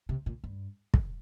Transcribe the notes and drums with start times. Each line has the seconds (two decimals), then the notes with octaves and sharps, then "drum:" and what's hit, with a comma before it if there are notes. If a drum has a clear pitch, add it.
0.09 C3
0.26 A#2
0.44 G2
0.94 drum: kick